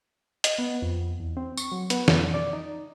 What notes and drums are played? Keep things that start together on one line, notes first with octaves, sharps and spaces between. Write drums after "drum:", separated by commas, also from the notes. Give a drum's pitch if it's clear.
D#5, drum: hi-hat
B3
F2
E2
C4
C#6, drum: tambourine
F#3
B3, drum: hi-hat
F2, drum: snare
D5
D#4